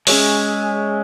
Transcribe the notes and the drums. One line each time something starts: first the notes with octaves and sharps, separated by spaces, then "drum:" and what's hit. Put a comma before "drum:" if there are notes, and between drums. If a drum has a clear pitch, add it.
G#3 C#4 G#4 C#5 E5, drum: open hi-hat